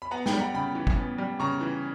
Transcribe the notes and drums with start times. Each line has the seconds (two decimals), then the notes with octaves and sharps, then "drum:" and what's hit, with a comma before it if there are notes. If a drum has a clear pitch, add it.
0.02 B5
0.11 B3 F#5 A#5
0.26 G5 B5, drum: snare
0.33 G3
0.40 F#5 A#5
0.54 C#3 G5 B5
0.75 E3
0.87 drum: kick
0.97 B3
1.18 G3
1.40 C#3 A#5 C#6
1.61 E3